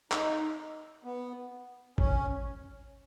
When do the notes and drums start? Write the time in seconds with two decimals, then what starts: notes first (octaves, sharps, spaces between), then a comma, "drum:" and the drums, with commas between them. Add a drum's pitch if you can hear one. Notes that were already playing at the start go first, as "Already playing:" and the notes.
0.12 D#4, drum: clap
1.04 B3
1.98 C#4, drum: kick